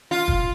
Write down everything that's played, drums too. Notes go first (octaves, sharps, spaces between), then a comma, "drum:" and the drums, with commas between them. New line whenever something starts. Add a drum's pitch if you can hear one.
F4
drum: kick